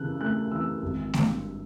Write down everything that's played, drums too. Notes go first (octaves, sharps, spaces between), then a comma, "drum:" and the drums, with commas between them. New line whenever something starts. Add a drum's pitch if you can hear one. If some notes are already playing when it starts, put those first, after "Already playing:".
Already playing: C#3 E3 E6 F#6
A3 F#6
E3 E6
G#1
G2, drum: snare A3